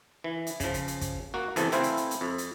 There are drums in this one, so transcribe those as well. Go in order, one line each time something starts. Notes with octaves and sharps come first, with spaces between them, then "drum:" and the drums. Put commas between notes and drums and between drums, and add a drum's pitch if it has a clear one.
E3
drum: hi-hat
C#3 F3, drum: kick, hi-hat
drum: hi-hat
drum: hi-hat
drum: kick, hi-hat
A#3 F#4
E2 C3 E3 A4, drum: hi-hat
A3 C4 E4 C5 F5 G#5, drum: hi-hat
drum: hi-hat
drum: hi-hat
drum: hi-hat
F2
drum: hi-hat